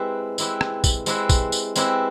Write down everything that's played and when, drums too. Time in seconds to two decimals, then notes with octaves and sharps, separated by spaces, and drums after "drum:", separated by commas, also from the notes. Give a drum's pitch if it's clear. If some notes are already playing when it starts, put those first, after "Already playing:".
Already playing: G#3 C4 E4 G4 B4
0.38 G#3 C4 E4 G4 B4, drum: tambourine
0.61 drum: rim click
0.84 drum: kick A#1, tambourine
1.06 G#3 C4 E4 G4 B4, drum: tambourine
1.29 drum: kick A#1, tambourine
1.52 drum: tambourine
1.76 G#3 C4 E4 G4 B4, drum: tambourine